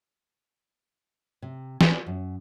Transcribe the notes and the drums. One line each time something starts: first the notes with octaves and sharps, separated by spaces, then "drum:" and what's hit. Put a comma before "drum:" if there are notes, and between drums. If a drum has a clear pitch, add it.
C3
G#5, drum: snare
F#2